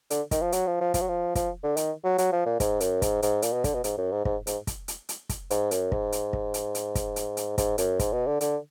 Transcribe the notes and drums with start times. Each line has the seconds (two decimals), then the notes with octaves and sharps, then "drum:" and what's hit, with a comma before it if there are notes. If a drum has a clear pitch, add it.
0.10 D3, drum: hi-hat
0.31 D#3, drum: kick, hi-hat
0.41 F3
0.52 F#3, drum: hi-hat
0.67 F3
0.81 F3
0.94 F3, drum: kick, hi-hat
1.01 F#3
1.08 F3
1.35 F3, drum: kick, hi-hat
1.63 D3
1.77 D#3, drum: hi-hat
2.04 F#3
2.18 F#3, drum: hi-hat
2.32 F3
2.46 A#2
2.60 G#2, drum: kick, hi-hat
2.80 F#2, drum: hi-hat
3.02 G#2, drum: kick, hi-hat
3.22 G#2, drum: hi-hat
3.42 A#2, drum: hi-hat
3.53 B2
3.64 D3, drum: kick, hi-hat
3.74 B2
3.84 G#2, drum: hi-hat
3.98 F#2
4.12 G#2
4.25 G#2, drum: kick
4.47 G#2, drum: hi-hat
4.67 drum: kick, hi-hat
4.88 drum: hi-hat
5.09 drum: hi-hat
5.29 drum: kick, hi-hat
5.50 G#2, drum: hi-hat
5.71 F#2, drum: hi-hat
5.92 G#2, drum: kick
6.12 drum: hi-hat
6.33 drum: kick
6.54 drum: hi-hat
6.75 drum: hi-hat
6.95 drum: kick, hi-hat
7.16 drum: hi-hat
7.37 drum: hi-hat
7.58 G#2, drum: kick, hi-hat
7.78 F#2, drum: hi-hat
7.99 G#2, drum: kick, hi-hat
8.13 B2
8.26 D3
8.41 D3, drum: hi-hat